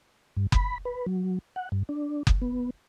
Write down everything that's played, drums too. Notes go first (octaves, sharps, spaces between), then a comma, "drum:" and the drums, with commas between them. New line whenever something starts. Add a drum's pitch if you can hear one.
G2
B5, drum: kick F#1
B4
F#3
F#5
G2
D4
drum: kick F#1
B3